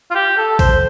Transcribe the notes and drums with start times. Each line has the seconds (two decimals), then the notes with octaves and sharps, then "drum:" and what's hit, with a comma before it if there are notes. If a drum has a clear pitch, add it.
0.10 F4
0.15 G4
0.38 A4
0.59 C5, drum: kick A#1, open hi-hat